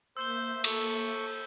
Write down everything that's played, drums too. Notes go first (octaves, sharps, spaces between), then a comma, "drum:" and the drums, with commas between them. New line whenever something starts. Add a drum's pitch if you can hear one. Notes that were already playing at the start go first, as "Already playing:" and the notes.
A#3 C5 E5 E6 G6 G7
A4 C#6, drum: cymbal